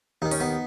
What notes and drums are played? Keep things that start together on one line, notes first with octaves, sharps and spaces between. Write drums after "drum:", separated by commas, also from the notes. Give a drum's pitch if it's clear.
D#2 D#3 D#4
C#4, drum: open hi-hat
B3 D#4